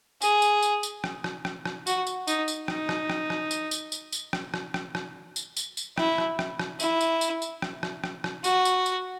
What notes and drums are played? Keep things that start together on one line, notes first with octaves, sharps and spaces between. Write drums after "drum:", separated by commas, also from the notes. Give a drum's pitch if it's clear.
G#4, drum: tambourine
drum: tambourine
drum: tambourine
drum: tambourine
drum: rim click
drum: rim click
drum: rim click
drum: rim click
F#4, drum: tambourine
drum: tambourine
D#4, drum: tambourine
drum: tambourine
D#4, drum: rim click
drum: rim click
drum: rim click
drum: rim click
drum: tambourine
drum: tambourine
drum: tambourine
drum: tambourine
drum: rim click
drum: rim click
drum: rim click
drum: rim click
drum: tambourine
drum: tambourine
drum: tambourine
E4, drum: rim click
drum: rim click
drum: rim click
drum: rim click
E4, drum: tambourine
drum: tambourine
drum: tambourine
drum: tambourine
drum: rim click
drum: rim click
drum: rim click
drum: rim click
F#4, drum: tambourine
drum: tambourine
drum: tambourine